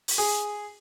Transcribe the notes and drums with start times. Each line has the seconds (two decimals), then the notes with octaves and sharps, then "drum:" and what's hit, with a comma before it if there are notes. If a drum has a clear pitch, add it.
0.08 drum: open hi-hat
0.18 G#4